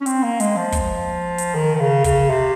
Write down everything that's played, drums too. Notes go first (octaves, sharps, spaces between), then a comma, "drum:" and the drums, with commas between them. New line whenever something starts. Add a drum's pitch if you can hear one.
C#4
C4, drum: hi-hat
A#3
G#3, drum: hi-hat
F3
drum: kick, hi-hat
drum: hi-hat
D#3
D#3
C#3
C#3, drum: kick, hi-hat
C3